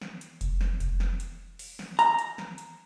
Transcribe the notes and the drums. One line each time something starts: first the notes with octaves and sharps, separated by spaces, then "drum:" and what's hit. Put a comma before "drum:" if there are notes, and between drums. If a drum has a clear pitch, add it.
drum: snare
drum: hi-hat
drum: kick F1, hi-hat
drum: snare
drum: kick F1, hi-hat
drum: snare
drum: hi-hat
drum: open hi-hat
drum: snare
A#5, drum: hi-hat
drum: hi-hat
drum: snare
drum: hi-hat